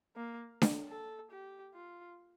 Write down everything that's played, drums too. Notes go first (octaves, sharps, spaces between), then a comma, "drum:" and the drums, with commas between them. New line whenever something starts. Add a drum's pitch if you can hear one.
A#3
drum: snare D4
A4
G4
F4